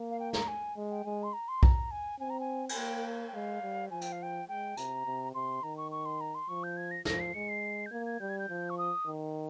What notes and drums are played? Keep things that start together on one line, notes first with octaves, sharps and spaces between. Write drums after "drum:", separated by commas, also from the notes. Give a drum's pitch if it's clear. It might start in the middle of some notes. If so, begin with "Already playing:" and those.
Already playing: A#3
F5
G5
A#5, drum: snare
G#5
G#3
G5
G#3 G#5
C6
A#5
C6
A#5, drum: kick B1
G#5
C4 G#5
A#5
G#5
G#5, drum: cymbal
A#3 G5
G5
G#3 F5
G3
F3 G#5
G5, drum: hi-hat
F5
G5
G#3 G5
C3 A#5, drum: hi-hat
C3
C3 C6
D#3 A#5
C#6
C#6
C6
A#5
C6
F3 C#6
G6
G#6
A#6
F3 A#6, drum: snare
C7
G#3 C#7
C7
G6
A#3 G#6
G#6
G3 G6
G#6
G6
F3
C#6
D#6
D#3